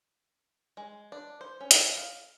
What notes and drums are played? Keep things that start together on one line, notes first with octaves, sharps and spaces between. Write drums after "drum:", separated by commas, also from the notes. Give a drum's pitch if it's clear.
G#3
D4
C5
C#4
drum: hi-hat
F5